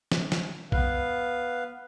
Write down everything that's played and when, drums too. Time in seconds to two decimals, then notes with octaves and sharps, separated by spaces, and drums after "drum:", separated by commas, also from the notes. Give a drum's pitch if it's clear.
0.12 drum: snare
0.32 drum: snare
0.72 B3 B4 F5, drum: kick